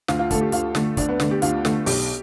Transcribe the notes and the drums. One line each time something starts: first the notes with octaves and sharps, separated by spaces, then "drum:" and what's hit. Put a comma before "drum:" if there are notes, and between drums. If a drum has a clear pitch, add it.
D2 F4, drum: snare
F4
D3 A3 A4, drum: kick, hi-hat
G4
D2 F4, drum: hi-hat
D3 A3, drum: snare
D2 D4, drum: kick, hi-hat
B3
D3 A3, drum: snare
G4
D2 F4, drum: hi-hat
D3 A3, drum: snare
B1 G4, drum: open hi-hat